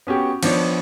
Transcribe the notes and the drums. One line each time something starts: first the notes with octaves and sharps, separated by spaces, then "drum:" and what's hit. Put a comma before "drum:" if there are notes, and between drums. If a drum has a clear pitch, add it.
B3 C#4 F#4 G4
F3 B3 D4 C#5, drum: cymbal